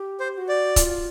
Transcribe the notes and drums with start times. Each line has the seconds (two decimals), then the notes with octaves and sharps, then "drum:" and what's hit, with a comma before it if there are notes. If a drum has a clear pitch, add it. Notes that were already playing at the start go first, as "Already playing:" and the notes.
Already playing: G4
0.20 C5
0.34 G4
0.38 F#4
0.49 D5
0.76 F4, drum: kick C#1, hi-hat